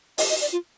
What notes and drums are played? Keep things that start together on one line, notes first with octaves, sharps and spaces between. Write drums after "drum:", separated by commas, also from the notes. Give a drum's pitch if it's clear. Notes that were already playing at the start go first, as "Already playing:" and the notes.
D#5, drum: open hi-hat
D#5
D5
F4